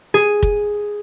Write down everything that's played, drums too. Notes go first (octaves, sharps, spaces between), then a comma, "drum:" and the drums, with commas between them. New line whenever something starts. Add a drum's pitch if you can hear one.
G#4
drum: kick